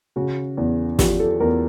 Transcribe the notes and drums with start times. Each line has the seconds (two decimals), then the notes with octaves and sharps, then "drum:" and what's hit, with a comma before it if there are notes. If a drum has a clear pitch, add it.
0.16 C#3 F#4
0.57 E2
0.99 F3 G4, drum: snare
1.19 A4
1.40 E2 A#4